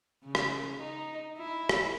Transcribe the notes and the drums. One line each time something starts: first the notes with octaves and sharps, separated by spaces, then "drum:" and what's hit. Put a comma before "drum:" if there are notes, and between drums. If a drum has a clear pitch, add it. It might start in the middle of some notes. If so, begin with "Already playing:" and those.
C#3
drum: rim click
D#4
E4
drum: rim click